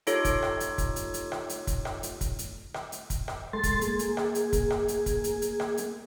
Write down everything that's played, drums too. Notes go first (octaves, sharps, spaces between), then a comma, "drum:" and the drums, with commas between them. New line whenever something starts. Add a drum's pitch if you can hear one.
D#4 F4 G4 A4 C#5, drum: hi-hat
drum: kick, hi-hat
drum: rim click
drum: hi-hat
drum: kick, hi-hat
drum: hi-hat
drum: hi-hat
drum: rim click
drum: hi-hat
drum: kick, hi-hat
drum: rim click
drum: hi-hat
drum: kick, hi-hat
drum: hi-hat
drum: rim click
drum: hi-hat
drum: kick, hi-hat
drum: rim click
G#3 A4 C6 A6
drum: kick, hi-hat
A#3 G#4, drum: hi-hat
drum: hi-hat
drum: rim click
drum: hi-hat
drum: kick, hi-hat
drum: rim click
drum: hi-hat
drum: kick, hi-hat
drum: hi-hat
drum: hi-hat
drum: rim click
drum: hi-hat